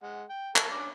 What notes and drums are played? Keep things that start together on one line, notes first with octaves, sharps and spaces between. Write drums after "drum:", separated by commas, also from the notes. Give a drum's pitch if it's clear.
G#3 F#5
G5
A4 A#4, drum: clap
C#4 D4 D6